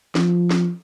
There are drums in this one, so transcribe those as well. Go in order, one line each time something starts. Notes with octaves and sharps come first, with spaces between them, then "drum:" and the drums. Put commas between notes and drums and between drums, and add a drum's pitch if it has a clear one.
F3, drum: snare
drum: snare